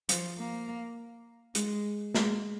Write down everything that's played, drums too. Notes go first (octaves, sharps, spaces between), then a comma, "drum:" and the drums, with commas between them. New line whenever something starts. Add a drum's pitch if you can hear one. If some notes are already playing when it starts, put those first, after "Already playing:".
F3, drum: hi-hat
A#3
G#3, drum: hi-hat
G#3, drum: snare